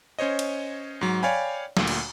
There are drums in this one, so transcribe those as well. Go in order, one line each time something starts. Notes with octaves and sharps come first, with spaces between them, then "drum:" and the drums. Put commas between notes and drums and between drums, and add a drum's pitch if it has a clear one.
C#4 C5 C#5 D#5
drum: cymbal
G#2 F#3
C#5 D5 F5 G5 G#5 B5
D2 A#2, drum: snare
drum: cymbal